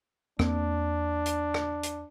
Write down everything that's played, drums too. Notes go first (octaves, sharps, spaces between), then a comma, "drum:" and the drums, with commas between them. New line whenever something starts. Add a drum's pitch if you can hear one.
E2 A#3 C4 D4, drum: rim click
drum: hi-hat
drum: rim click
drum: hi-hat